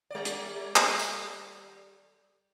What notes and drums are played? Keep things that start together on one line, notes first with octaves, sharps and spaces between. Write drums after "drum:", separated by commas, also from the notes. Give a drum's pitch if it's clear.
G3 D5
drum: hi-hat
drum: clap
drum: tambourine